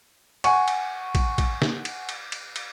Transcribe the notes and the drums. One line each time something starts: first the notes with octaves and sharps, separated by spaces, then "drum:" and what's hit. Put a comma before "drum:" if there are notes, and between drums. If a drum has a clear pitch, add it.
F#5 G#5 C#6, drum: cymbal
drum: cymbal
drum: kick, cymbal
drum: kick, cymbal
drum: snare
drum: cymbal
drum: cymbal
drum: cymbal
drum: cymbal